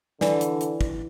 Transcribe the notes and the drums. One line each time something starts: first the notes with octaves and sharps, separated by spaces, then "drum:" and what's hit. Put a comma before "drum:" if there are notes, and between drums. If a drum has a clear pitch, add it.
D3 E3 D5, drum: snare
drum: hi-hat
drum: hi-hat
drum: kick